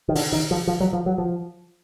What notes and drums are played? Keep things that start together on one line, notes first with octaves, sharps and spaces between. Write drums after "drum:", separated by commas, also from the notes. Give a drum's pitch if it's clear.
D#3
D3, drum: open hi-hat
D#3
F3
F3
F#3
F3
F#3
F3